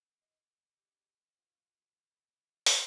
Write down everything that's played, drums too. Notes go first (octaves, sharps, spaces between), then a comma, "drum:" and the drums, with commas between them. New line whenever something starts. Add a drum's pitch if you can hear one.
D#5
D5
G3 G#3 G4
C4 F4 F#4
A#2 F#3 E4
drum: open hi-hat